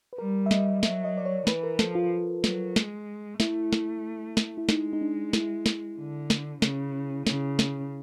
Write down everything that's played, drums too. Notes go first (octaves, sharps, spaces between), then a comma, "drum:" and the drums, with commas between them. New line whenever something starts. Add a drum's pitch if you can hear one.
B4
G3 A#4
E5
D#5, drum: snare
F#3 E5, drum: snare
D#5
D5
C#5
E3 B4, drum: snare
A#4
F3 A4, drum: snare
F4
F#3, drum: snare
G#3, drum: snare
A3 E4, drum: snare
drum: snare
drum: snare
E4
G#3 D#4, drum: snare
D#4
D4
E4, drum: snare
drum: snare
D3
drum: snare
C#3, drum: snare
C#3, drum: snare
drum: snare